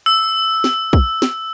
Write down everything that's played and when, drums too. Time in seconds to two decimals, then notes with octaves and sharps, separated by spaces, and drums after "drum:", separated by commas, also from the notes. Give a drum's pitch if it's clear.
0.06 E6
0.64 drum: snare
0.93 drum: kick
1.22 drum: snare